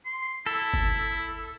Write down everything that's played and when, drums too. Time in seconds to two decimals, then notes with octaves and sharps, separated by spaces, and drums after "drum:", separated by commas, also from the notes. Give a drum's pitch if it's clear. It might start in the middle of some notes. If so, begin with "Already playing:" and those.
0.05 C6
0.46 E4 A4
0.74 drum: kick G1